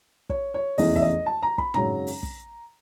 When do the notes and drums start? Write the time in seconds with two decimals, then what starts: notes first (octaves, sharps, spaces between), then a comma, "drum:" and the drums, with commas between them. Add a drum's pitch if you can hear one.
0.30 C#5, drum: kick
0.54 C#5
0.78 F1 E2 C#3 E3 D#5, drum: open hi-hat
0.96 E5, drum: kick
1.02 D#5
1.26 A5
1.43 A#5
1.58 B5, drum: kick
1.74 G#1 F#2 C#3 F#3 A#5, drum: tom
2.07 drum: open hi-hat
2.23 drum: kick